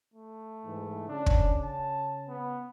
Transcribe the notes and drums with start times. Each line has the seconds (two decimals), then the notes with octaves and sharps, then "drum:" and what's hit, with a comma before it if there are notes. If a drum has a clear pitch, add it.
0.14 A3
0.65 G#2 E3
1.08 C#3 D4
1.26 drum: kick
1.63 A5
2.29 B3